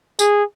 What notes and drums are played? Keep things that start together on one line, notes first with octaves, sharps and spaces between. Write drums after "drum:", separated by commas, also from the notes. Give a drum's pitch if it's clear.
G#4, drum: tambourine